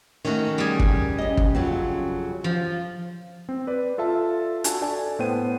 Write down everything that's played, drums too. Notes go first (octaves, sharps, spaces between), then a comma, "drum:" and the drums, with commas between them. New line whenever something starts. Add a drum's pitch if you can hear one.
D#3 A3 C#4 F#4
G3 G#4
drum: kick
C#4 D#5
drum: kick
F2 C#3 F#3
F3
C4
B4 D5
F4 A4 E5 A5
D4 F#4 G#5 A5, drum: hi-hat
A4 D5 G#5 A5
A2 B3 C5 G5 D#7